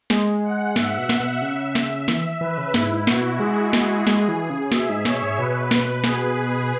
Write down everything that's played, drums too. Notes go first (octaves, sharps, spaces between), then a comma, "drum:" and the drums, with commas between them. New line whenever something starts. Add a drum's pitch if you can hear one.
G#3, drum: snare
F#5
G#2 E5, drum: snare
B2
drum: snare
B2
C#3
drum: snare
E3, drum: snare
E3 B4
C#3
G#2 E4, drum: snare
B2 F#4, drum: snare
G#3 G#4
drum: snare
G#3, drum: snare
E3
C#3
B2 E5, drum: snare
G#2
B2 C#5, drum: snare
G#2
B2 B4
drum: snare
G#4, drum: snare